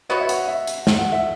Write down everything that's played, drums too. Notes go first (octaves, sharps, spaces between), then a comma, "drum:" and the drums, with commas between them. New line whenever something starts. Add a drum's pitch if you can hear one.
B3 F#4 C#5 D#5
E5
F#5, drum: hi-hat
E5
drum: hi-hat
drum: snare
F#5
E5